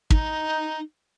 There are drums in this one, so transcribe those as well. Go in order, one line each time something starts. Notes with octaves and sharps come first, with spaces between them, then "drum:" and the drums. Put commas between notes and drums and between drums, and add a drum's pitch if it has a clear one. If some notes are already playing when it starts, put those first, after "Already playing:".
D#4, drum: kick